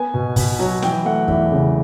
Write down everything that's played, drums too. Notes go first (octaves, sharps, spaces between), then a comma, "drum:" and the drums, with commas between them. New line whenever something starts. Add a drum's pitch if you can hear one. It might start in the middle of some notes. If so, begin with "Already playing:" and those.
Already playing: B3 G#5
B2
B2, drum: kick, open hi-hat
F#3
E3 G5, drum: snare
A3 F#5
E2 E5, drum: kick
C#3